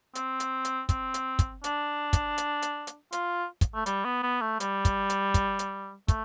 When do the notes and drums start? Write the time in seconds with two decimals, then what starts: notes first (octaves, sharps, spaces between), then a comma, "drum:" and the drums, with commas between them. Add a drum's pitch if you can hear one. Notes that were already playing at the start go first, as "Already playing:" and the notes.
0.15 C4, drum: hi-hat
0.40 drum: hi-hat
0.65 drum: hi-hat
0.89 C4, drum: kick, hi-hat
1.14 drum: hi-hat
1.39 drum: kick, hi-hat
1.64 D4, drum: hi-hat
2.13 drum: kick, hi-hat
2.38 drum: hi-hat
2.62 drum: hi-hat
2.87 drum: hi-hat
3.12 F4, drum: hi-hat
3.61 drum: kick, hi-hat
3.75 A3
3.86 G3, drum: hi-hat
4.05 B3
4.23 B3
4.41 A3
4.60 G3, drum: hi-hat
4.85 drum: kick, hi-hat
5.10 drum: hi-hat
5.34 drum: kick, hi-hat
5.59 drum: hi-hat
6.08 A3, drum: kick, hi-hat